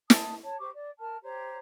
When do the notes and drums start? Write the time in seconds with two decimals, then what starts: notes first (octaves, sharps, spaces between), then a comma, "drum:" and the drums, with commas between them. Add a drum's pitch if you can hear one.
0.10 A5 D#6, drum: snare
0.43 C#5 A5
0.59 G4 C5 C#6 D6
0.74 D5
0.99 A#4 A5 F6
1.23 G4 C5 C#5 A#5